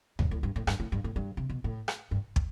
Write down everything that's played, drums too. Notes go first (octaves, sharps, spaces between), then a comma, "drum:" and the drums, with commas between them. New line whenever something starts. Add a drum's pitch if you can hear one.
G2, drum: tom D2
A2
G2
A2
G2, drum: rim click
A2
G2
A2
G2
C3
B2
A2
drum: rim click
G2
drum: kick